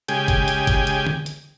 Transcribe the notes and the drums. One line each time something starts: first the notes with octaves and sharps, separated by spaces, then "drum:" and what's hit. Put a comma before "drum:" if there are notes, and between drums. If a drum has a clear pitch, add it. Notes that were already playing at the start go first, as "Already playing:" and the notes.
C#3 G#3 G4 G5 G#5, drum: hi-hat
drum: kick G1, hi-hat
drum: hi-hat
drum: kick G1, hi-hat
drum: hi-hat
drum: tom D3
drum: hi-hat